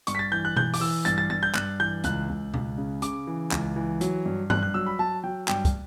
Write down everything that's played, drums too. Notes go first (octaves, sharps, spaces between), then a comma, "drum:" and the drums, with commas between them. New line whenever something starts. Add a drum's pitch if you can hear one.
G2 C#6, drum: hi-hat
B6
A6
E3 G6
F#6
E3 G6, drum: tom B2
D6, drum: open hi-hat
E3 E6
G2 A6, drum: hi-hat
A6
G2 A6
G6
G2 F#6, drum: clap
E3 G6
C#2 F#6, drum: hi-hat
C#2
C#2, drum: tom B2
C#3
C#3 D6, drum: hi-hat
E3
C#2, drum: clap
E3
F#3, drum: hi-hat
G2
G2 F#6, drum: tom
F#6
F#3 E6
B5
F#3 A5
F#3 G5
G2 G5, drum: clap
drum: kick, hi-hat